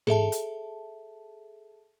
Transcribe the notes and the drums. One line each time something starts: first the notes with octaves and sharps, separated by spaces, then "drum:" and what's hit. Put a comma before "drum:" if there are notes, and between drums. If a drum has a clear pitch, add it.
G#4 A4 E5 A5, drum: tom G#2
drum: hi-hat